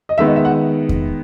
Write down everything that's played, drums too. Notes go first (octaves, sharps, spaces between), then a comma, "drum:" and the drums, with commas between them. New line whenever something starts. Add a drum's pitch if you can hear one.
D#5
D#3 G#3 B3 E5
D#5
E5
F#5
drum: kick E2